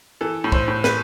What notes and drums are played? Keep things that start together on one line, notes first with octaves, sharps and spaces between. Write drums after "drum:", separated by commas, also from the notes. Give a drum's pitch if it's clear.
E3 A4
A2
C5, drum: kick
A2
B4, drum: snare